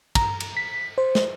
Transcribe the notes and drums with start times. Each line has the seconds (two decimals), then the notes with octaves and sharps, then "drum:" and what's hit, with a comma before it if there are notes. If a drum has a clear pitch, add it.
0.15 A#5, drum: kick, cymbal
0.40 drum: cymbal
0.57 B6
0.98 C5
1.15 drum: snare